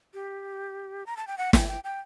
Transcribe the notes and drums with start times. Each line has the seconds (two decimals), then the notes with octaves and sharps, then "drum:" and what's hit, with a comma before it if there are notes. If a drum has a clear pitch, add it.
0.14 G4
1.06 A#5
1.17 A5
1.27 G5
1.38 F#5
1.53 G5, drum: snare
1.68 G5
1.84 G5